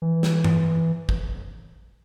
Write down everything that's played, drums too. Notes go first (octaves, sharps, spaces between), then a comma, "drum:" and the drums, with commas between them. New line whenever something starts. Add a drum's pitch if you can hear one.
E3
drum: snare
drum: tom G2
drum: kick